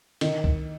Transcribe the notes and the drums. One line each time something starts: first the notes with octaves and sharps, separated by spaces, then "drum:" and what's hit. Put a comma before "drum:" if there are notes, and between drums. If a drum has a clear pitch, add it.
D#3, drum: cymbal
drum: kick